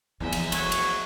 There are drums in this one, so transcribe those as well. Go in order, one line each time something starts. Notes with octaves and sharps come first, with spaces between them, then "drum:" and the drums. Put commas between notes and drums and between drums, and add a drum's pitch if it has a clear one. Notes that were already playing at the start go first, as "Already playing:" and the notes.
A#1 E2 E3 F3 D#5 E5
drum: cymbal
F#3 A3 C#5, drum: cymbal
drum: cymbal